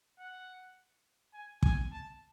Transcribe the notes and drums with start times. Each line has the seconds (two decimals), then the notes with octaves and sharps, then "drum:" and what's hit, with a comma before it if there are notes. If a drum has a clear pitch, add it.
0.19 F#5
1.34 G#5
1.63 G#5, drum: kick
1.92 A5